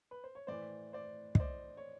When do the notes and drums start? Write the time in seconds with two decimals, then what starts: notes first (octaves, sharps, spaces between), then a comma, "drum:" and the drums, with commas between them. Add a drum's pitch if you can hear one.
0.11 B4
0.24 C5
0.35 C#5
0.47 A2 E3 C5 D5
0.93 C5 D5
1.35 D#5, drum: kick
1.40 C5 D5
1.77 C#5